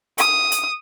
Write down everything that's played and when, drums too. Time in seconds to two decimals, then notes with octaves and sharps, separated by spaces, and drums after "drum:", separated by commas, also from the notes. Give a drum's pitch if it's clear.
0.18 D#6, drum: hi-hat
0.52 drum: hi-hat